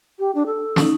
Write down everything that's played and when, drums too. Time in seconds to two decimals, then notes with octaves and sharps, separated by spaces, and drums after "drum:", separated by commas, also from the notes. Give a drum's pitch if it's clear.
0.19 G4
0.35 D4
0.46 A4
0.76 C#4 D#4, drum: snare